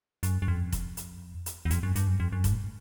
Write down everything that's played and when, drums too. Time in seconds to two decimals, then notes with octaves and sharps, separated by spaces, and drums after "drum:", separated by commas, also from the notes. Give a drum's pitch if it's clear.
0.23 F#2, drum: hi-hat
0.42 F#2
0.48 F2
0.72 drum: kick F1, hi-hat
0.97 drum: hi-hat
1.46 drum: hi-hat
1.65 E2
1.71 F2, drum: hi-hat
1.83 F#2
1.96 G2, drum: hi-hat
2.07 F#2
2.20 F2
2.32 F#2
2.44 G2, drum: kick F1, hi-hat
2.52 A2